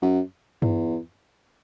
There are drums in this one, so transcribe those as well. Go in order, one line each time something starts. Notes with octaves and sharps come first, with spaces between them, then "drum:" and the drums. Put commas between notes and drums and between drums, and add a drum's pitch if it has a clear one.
F#2
E2, drum: tom G2